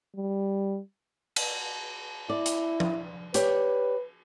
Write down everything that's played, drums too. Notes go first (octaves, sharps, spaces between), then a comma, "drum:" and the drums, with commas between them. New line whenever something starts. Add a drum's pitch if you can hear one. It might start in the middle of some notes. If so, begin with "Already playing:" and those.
G3
drum: cymbal
E4 D5
drum: hi-hat
drum: tom F3
G4 B4 C#5 D5, drum: hi-hat